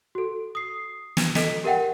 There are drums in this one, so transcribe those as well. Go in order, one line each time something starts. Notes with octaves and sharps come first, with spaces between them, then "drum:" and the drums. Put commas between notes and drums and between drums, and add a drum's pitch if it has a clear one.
F#4 A4
D#6 C7
drum: snare
A4 D#5 B6, drum: snare
G4 A#4 E5 F#5 G5